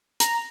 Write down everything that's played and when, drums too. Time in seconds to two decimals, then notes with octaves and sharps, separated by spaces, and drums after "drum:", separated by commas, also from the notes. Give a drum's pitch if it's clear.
0.20 A#5, drum: hi-hat